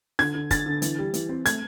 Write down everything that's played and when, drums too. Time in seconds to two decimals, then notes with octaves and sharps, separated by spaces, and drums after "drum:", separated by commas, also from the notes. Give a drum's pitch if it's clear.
0.19 D3 G#6, drum: snare F4
0.35 D3
0.51 D3 A6, drum: kick, hi-hat
0.66 D3
0.82 E3, drum: hi-hat
0.99 G3
1.14 E3, drum: hi-hat
1.29 C4
1.46 A3 G#6, drum: hi-hat